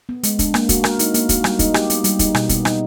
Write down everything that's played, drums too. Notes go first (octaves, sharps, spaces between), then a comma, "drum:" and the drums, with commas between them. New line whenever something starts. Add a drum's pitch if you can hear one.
B3
G#3, drum: hi-hat
D4, drum: kick, hi-hat
A#3, drum: rim click
F#4, drum: kick, hi-hat
A#4, drum: rim click
D#4, drum: hi-hat
A#3, drum: hi-hat
F#4, drum: kick, hi-hat
G3, drum: rim click
D#4, drum: kick, hi-hat
G4, drum: rim click
B3, drum: hi-hat
G3, drum: hi-hat
D#4, drum: kick, hi-hat
B2, drum: rim click
B3, drum: kick, hi-hat
D#4, drum: rim click